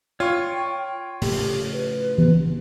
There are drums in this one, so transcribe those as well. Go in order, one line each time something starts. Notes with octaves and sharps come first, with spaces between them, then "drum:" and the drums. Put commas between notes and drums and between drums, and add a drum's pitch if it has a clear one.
F4 C#5 G5 C#6
A2 C#3 F3 G4, drum: open hi-hat
B4
drum: tom E3